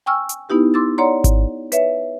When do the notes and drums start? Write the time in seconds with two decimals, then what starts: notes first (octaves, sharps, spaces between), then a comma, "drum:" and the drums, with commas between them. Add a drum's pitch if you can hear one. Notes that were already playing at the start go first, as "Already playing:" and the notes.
0.06 G5 G#5 C#6 E6 F6
0.29 drum: hi-hat
0.49 B3 D#4 E4 G4 B4
0.74 C6 D6 E6 A6
0.98 C#5 D5 F#5 A#5 C6
1.24 drum: kick G#1, hi-hat
1.72 B4 C#5 E5, drum: hi-hat